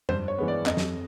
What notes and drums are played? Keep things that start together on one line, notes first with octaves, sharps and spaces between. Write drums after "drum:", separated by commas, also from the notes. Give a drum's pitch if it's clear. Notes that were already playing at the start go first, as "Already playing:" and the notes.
G2 C5, drum: tom F2
C#5
E3 G#3 B3
D5
F2 D#5, drum: clap
drum: snare